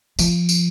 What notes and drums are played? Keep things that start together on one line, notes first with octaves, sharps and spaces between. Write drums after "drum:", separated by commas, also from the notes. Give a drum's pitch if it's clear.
F3, drum: tambourine
drum: tambourine